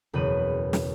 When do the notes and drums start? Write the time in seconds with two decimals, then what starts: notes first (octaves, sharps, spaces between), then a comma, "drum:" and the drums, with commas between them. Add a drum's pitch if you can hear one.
0.13 F#1 E2 B2 B4 B5 D#7
0.73 drum: snare